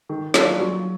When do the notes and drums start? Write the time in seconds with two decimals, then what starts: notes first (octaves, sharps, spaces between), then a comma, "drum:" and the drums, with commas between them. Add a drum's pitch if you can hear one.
0.09 D#3
0.34 F#3 A#3 D4 F4, drum: snare
0.60 F#3